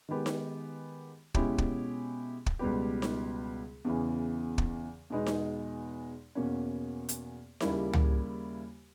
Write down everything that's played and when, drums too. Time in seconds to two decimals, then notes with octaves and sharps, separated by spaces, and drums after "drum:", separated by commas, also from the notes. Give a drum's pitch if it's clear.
0.09 D#3 G#3 B3 G4
0.26 drum: snare D#4
1.34 B2 G#3 C#4 E4 G4, drum: kick
1.58 drum: kick
2.46 drum: kick
2.59 C#2 B2 G3 B3 G4
3.02 drum: snare D#4
3.85 E2 C#3 E3
4.58 drum: kick
5.10 E2 B2 G#3 B3 D#4
5.26 drum: snare D#4
6.35 E2 B2 A#3 C#4
7.09 drum: hi-hat
7.60 D#2 C#3 G3 A#3 E4, drum: snare D#4
7.93 drum: tom